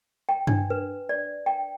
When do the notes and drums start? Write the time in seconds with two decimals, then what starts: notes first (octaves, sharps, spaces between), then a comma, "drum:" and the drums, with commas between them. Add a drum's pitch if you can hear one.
0.29 G5
0.47 D4, drum: tom G2
0.70 B4
1.09 D5
1.46 G5